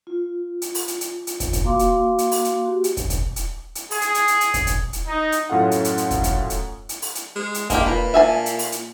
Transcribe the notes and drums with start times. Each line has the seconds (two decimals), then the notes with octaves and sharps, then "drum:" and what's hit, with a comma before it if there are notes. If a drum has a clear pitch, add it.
0.07 F4
0.62 drum: hi-hat
0.75 drum: open hi-hat
0.88 drum: hi-hat
1.01 drum: hi-hat
1.27 drum: hi-hat
1.40 drum: kick, hi-hat
1.53 drum: kick, hi-hat
1.64 A#3 F#4 F5 C6 D6
1.79 drum: hi-hat
2.18 drum: hi-hat
2.32 drum: open hi-hat
2.45 drum: hi-hat
2.65 F#4 G4
2.84 drum: hi-hat
2.97 drum: kick, hi-hat
3.10 drum: kick, hi-hat
3.36 drum: hi-hat
3.75 drum: hi-hat
3.91 G#4, drum: open hi-hat
4.01 drum: hi-hat
4.15 drum: hi-hat
4.28 drum: hi-hat
4.41 drum: hi-hat
4.54 drum: kick, hi-hat
4.67 drum: kick, hi-hat
4.93 drum: hi-hat
5.06 D#4
5.32 drum: hi-hat
5.50 F#2 A2 C#4 F4 A4 F#5
5.71 drum: hi-hat
5.84 drum: hi-hat
5.98 drum: hi-hat
6.11 drum: kick, hi-hat
6.24 drum: kick, hi-hat
6.50 drum: hi-hat
6.89 drum: hi-hat
7.02 drum: open hi-hat
7.15 drum: hi-hat
7.36 G#3
7.54 drum: hi-hat
7.70 G#3 A#3 D4 G4, drum: kick, hi-hat
7.86 A#2 B4
8.14 E5 G#5 A5
8.46 drum: hi-hat
8.59 drum: open hi-hat
8.72 drum: hi-hat